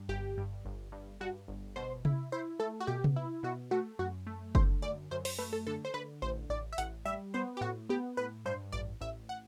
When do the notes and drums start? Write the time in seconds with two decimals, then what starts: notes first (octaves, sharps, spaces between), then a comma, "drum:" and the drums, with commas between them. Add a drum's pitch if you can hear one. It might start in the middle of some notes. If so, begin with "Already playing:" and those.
Already playing: G2
0.09 G1 G4
0.38 G2
0.65 G1
0.92 G2
1.21 G2 F#4
1.48 G1
1.76 B2 C5
2.05 E4, drum: tom C3
2.32 E4 C5
2.60 A3 A4
2.80 F#4
2.87 B2 G4
3.04 drum: tom C3
3.16 E4
3.43 B2 F#4
3.71 A3 F#4
3.99 F#2 F#4
4.27 A3
4.55 D3 C5, drum: kick F#1
4.82 F#2 D5
5.11 F#2 C5
5.25 C5, drum: open hi-hat
5.39 A3 B4
5.53 A4
5.67 D3 A4
5.85 C5
5.94 D3 B4
6.22 A1 C5
6.50 A1 D5
6.72 E5
6.78 A1 F#5, drum: hi-hat
7.05 G3 E5
7.34 B3 C5
7.57 G4
7.61 A2 F#4
7.89 B3 G4
8.17 A2 B4
8.45 G2 C5
8.72 A1 D5
9.01 A1 E5
9.29 F#5